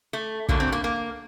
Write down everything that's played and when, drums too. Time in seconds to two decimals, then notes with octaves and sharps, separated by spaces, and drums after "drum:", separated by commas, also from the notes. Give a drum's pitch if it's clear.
0.13 A3
0.49 G2 D3 F#3 A3 A#3, drum: kick
0.60 C4
0.72 A#3
0.84 A#3